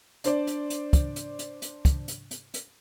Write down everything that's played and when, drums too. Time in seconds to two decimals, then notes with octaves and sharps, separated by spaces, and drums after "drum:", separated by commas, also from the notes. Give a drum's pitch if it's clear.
0.24 D4 C5 D5, drum: hi-hat
0.47 drum: hi-hat
0.70 drum: hi-hat
0.93 drum: kick, hi-hat
1.16 drum: hi-hat
1.39 drum: hi-hat
1.62 drum: hi-hat
1.85 drum: kick, hi-hat
2.08 drum: hi-hat
2.31 drum: hi-hat
2.54 drum: hi-hat